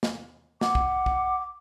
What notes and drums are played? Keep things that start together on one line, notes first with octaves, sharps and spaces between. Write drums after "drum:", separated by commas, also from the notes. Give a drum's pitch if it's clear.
drum: snare
F#5 D6, drum: snare
drum: kick
drum: kick